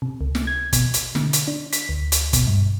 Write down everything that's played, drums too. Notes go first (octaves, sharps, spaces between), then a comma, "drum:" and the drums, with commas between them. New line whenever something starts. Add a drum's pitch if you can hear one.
C3
C#2
drum: snare
G#6
B2, drum: kick, hi-hat
drum: hi-hat
D3, drum: snare
drum: hi-hat
D4
B6, drum: hi-hat
D2
drum: hi-hat
B2, drum: kick, hi-hat
G2